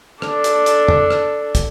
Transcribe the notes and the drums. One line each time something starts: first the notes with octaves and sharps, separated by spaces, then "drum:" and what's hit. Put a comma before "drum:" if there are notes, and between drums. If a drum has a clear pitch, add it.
D4 A4, drum: rim click
drum: hi-hat
drum: hi-hat
drum: tom
drum: rim click
drum: kick, hi-hat